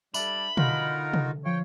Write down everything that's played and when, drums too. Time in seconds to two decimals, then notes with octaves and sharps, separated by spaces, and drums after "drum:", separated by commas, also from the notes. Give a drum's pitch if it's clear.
0.14 G3 D4 A4 E5 B5, drum: tambourine
0.57 D3 D#4 F4 F#4 A#4, drum: tom B2
1.14 drum: tom C3
1.45 F3 C#5 F5 G5